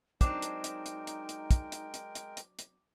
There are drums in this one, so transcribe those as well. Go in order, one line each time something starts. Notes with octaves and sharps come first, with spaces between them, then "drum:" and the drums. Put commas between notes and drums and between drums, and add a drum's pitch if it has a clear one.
F#3 G#3 C4 D4 D#4 A#4 G5 D6, drum: kick, hi-hat
drum: hi-hat
drum: hi-hat
drum: hi-hat
drum: hi-hat
drum: hi-hat
drum: kick, hi-hat
drum: hi-hat
drum: hi-hat
drum: hi-hat
drum: hi-hat
drum: hi-hat